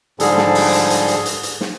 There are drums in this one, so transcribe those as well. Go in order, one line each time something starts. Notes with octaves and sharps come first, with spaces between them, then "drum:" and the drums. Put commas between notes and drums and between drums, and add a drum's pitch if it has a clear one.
G#2 D3 F3 G3 G#4 A4, drum: hi-hat
drum: snare
drum: open hi-hat
drum: hi-hat
drum: hi-hat
drum: hi-hat
drum: hi-hat
drum: hi-hat
drum: snare